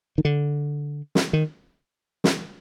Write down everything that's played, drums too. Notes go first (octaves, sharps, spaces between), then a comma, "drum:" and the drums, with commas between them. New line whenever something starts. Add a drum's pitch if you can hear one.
D#3
D3
drum: snare
D#3
drum: snare